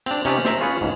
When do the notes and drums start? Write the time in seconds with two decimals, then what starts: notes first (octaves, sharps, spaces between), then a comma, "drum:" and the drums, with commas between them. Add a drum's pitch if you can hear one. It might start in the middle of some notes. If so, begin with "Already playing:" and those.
0.06 C4 D4, drum: cymbal
0.25 C3 C#4 D#4 E5 G5 A5, drum: cymbal
0.45 C5 E5 A#5, drum: snare
0.60 C#4 F4 G#4 B4 C#5
0.81 C#2 G#2